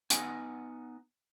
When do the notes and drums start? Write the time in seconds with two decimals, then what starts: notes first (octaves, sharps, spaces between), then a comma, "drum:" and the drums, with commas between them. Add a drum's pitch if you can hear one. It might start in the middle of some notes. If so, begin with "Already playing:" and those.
0.10 B3 D#4 F#5 G#5, drum: hi-hat